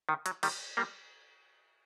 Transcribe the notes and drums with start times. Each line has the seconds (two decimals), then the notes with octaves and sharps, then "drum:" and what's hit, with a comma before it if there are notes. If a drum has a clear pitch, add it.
0.09 D#3
0.26 F#3, drum: hi-hat
0.43 D#3 G3, drum: cymbal
0.77 G3 A#3